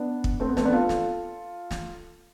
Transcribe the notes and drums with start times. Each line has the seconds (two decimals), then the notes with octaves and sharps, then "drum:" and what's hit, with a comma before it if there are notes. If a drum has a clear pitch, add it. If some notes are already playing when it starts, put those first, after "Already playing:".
Already playing: B3 D4
0.24 drum: kick
0.40 A3 C4
0.49 B3
0.57 A3 C4, drum: snare
0.65 B3 D4
0.72 F4 A4
0.89 drum: snare
1.71 drum: snare